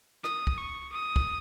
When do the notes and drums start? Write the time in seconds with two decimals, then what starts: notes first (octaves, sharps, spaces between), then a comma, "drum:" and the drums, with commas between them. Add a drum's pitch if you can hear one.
0.24 D#6, drum: rim click
0.47 drum: kick
0.58 C#6
0.93 D#6
1.16 drum: kick